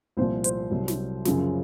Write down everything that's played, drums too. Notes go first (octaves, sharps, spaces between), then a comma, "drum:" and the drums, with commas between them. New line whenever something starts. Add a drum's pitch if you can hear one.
C2 A#2 F3 C5
C5, drum: hi-hat
C2 C3 F#3
drum: snare
F#2 C#3 F3, drum: snare